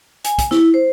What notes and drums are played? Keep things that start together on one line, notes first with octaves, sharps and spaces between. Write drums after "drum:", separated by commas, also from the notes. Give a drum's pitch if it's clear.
G#5, drum: hi-hat
drum: kick, hi-hat
E4, drum: snare
C5